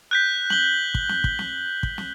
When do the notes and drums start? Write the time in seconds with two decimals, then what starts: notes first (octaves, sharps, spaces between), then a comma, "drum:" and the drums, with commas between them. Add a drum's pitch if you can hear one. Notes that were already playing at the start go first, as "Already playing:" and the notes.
0.11 F#6 G6 B6
0.50 F#7 G7, drum: snare
0.95 drum: kick
1.09 drum: snare
1.24 drum: kick
1.39 drum: snare
1.83 drum: kick
1.98 drum: snare